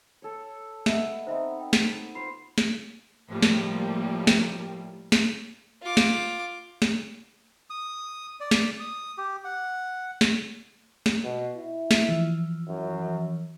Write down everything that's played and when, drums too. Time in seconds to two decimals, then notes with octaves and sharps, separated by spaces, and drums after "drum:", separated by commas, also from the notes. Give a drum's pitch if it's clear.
0.22 A4 C#5
0.86 B3 D#5 E5, drum: snare
1.27 B3 C4 D#4 C5 E5
1.60 G5
1.73 drum: snare
2.15 F4 C5 B5 C7
2.58 drum: snare
3.30 A2 F3 G3 A#3
3.42 drum: snare
4.27 drum: snare
5.12 drum: snare
5.83 F4 D6
5.97 drum: snare
6.82 drum: snare
7.70 D#6
8.40 D5
8.51 drum: snare
8.80 D#6
9.18 G4
9.44 F#5
10.21 drum: snare
11.06 drum: snare
11.24 B2
11.57 E4
11.91 drum: snare
12.09 E3 F3
12.69 F#2